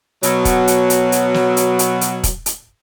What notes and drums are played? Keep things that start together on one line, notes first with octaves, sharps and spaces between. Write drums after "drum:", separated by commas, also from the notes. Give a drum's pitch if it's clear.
B2 F#3, drum: hi-hat
drum: kick, hi-hat
drum: hi-hat
drum: hi-hat
drum: hi-hat
drum: snare
drum: hi-hat
drum: hi-hat
drum: hi-hat
drum: kick, hi-hat
drum: hi-hat